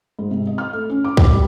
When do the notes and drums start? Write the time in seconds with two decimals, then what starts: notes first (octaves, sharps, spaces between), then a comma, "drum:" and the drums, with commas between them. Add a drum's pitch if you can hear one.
0.19 G#2
0.31 C3
0.47 D#5
0.58 F6
0.73 A3
0.89 C#4
1.04 D6
1.17 D6, drum: kick C2
1.32 G3